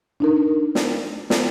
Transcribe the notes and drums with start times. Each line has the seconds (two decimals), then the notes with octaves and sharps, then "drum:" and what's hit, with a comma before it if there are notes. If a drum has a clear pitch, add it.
0.20 D4 D#4 A#4
0.75 drum: snare
1.30 drum: snare